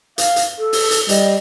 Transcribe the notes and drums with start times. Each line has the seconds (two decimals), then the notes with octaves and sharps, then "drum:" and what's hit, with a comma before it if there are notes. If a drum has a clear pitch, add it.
0.18 F5, drum: hi-hat
0.36 drum: hi-hat
0.58 A4
0.73 drum: open hi-hat
0.91 drum: hi-hat
1.09 G3 D#5, drum: hi-hat